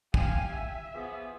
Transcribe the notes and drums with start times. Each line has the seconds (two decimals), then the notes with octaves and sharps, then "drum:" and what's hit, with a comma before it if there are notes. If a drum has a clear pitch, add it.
0.14 G4 F5 G#5, drum: kick
0.49 E5
0.94 E3 F3 B3 G#4